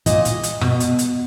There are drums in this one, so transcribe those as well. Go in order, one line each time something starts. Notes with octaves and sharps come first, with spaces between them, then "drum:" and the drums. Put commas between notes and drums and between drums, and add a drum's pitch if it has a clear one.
A#2 D#5, drum: kick, hi-hat
drum: hi-hat
drum: hi-hat
B2, drum: rim click
drum: hi-hat
drum: hi-hat